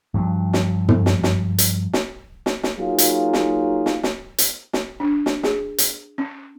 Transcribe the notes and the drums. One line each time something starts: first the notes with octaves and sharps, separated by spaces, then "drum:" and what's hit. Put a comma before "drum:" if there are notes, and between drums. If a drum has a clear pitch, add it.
G2 F3 F#3
drum: snare
drum: tom
drum: snare
drum: snare
drum: hi-hat
drum: snare
drum: snare
drum: snare
F#3 A#3 D#4 F4 F#4 G#4
drum: hi-hat
drum: snare
drum: snare
drum: snare
drum: hi-hat
drum: snare
D4
drum: snare
G#4, drum: snare
drum: hi-hat
C#4